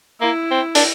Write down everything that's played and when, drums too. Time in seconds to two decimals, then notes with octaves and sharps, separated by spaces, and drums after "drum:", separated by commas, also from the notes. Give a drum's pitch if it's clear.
0.21 A#3 E4
0.51 C4
0.75 D4, drum: open hi-hat